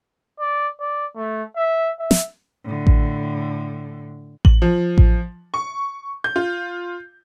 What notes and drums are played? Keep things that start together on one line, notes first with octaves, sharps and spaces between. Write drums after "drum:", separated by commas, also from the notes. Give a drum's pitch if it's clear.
D5
D5
A3
E5
E5
drum: snare
A2 D3
drum: kick A1
F#7, drum: kick A1
F3
drum: kick A1
C#6
G6
F4